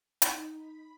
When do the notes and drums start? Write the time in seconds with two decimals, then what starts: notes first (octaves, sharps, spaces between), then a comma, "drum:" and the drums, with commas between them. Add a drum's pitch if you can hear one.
0.22 D#4, drum: hi-hat
0.56 B5